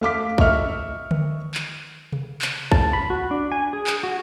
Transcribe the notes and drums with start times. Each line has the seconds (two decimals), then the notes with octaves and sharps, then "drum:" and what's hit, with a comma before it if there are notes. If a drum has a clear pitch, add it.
0.01 A3 F5 D6 B6
0.38 D#5 E5 C#6 F6, drum: kick
1.11 drum: tom D3
1.54 drum: clap
2.12 drum: tom C3
2.42 drum: clap
2.72 A5, drum: kick
2.93 B5
3.10 F#4
3.31 D4
3.52 G#5
3.73 G#4
3.87 drum: clap
4.03 F#4